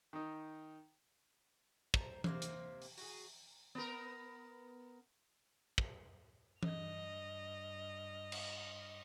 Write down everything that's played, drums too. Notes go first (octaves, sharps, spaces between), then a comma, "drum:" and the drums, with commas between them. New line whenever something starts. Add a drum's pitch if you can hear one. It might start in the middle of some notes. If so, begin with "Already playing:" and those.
D#3 D#4
C5 A5 A#5, drum: kick
C3 A#3 C5, drum: tom E3
drum: hi-hat
drum: open hi-hat
F#4 G#4, drum: open hi-hat
B3 A#4
drum: kick
G2 D#5 F6, drum: tom E3
drum: cymbal